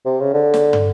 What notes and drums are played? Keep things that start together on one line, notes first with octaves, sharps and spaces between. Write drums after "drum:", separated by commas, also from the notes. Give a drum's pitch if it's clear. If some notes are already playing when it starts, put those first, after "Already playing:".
C3
C#3
D3
drum: snare
drum: tom